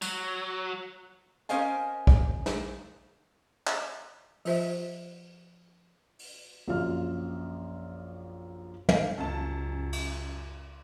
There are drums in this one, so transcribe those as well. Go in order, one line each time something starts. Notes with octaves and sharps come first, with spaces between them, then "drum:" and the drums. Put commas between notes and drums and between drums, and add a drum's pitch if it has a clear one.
F#3, drum: tambourine
C#4 A#4 C5 D#5 F5 G#5, drum: hi-hat
drum: kick
drum: snare
drum: clap
F3 F4 C5 E5, drum: open hi-hat
drum: open hi-hat
A#1 F#2 F4 F5 F6
drum: tom
C#2 F#2 A5
drum: cymbal